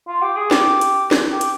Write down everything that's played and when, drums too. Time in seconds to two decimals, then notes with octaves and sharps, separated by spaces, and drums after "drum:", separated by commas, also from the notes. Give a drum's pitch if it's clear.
0.07 F4
0.22 G4
0.37 G#4
0.51 G4, drum: snare
0.81 drum: hi-hat
1.11 drum: snare
1.32 G4
1.41 drum: hi-hat